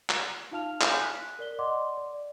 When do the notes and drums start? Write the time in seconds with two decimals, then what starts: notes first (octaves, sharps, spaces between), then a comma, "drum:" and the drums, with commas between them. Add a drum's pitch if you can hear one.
0.10 drum: clap
0.51 D#4 F4 F5 A5 F6 F7
0.82 F5 G#5 F6 G6, drum: clap
1.01 F#6 B6
1.39 A#4 D5 G7
1.59 D5 D#5 F#5 C6 D6
1.97 D5